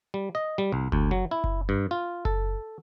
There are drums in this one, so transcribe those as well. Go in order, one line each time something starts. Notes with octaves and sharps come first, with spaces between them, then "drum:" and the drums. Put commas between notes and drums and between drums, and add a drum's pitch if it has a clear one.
G3
D#5
G3
C2
D2, drum: kick F#1
F#3
E4
drum: kick F#1
G2
F4
A4, drum: kick F#1